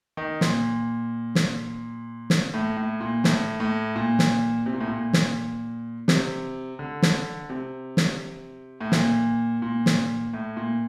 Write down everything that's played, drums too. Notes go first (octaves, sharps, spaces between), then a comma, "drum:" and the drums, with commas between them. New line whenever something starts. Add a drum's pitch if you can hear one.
D#3
A#2, drum: snare
drum: snare
drum: snare
A2
A2
A#2
A2, drum: snare
A2
A#2
drum: snare
C3
A#2
A2
A#2
drum: snare
C3, drum: snare
D3
drum: snare
C3
drum: snare
A2
A#2, drum: snare
A#2
drum: snare
A2
A#2